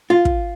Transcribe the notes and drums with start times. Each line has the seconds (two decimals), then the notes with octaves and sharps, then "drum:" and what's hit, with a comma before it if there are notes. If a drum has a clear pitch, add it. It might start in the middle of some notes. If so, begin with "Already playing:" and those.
0.10 F4
0.25 drum: kick